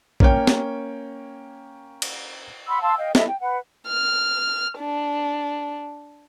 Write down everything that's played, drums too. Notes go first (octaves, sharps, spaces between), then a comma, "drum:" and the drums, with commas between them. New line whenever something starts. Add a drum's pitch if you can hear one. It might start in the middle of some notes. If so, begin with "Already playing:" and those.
A#3 C#4 C#5 G5, drum: kick
drum: snare
drum: cymbal
F#5 B5 C6 E6
F5 A5 C6 E6
D#5 F5 G5
E4 A4 D#5 E5, drum: snare
G5
B4 F#5
F6
D4